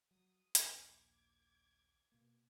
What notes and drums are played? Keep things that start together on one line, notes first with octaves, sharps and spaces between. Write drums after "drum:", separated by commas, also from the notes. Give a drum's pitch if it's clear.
F#3 D#6
A#1 D#2 D6 G#6, drum: hi-hat
B2 A#3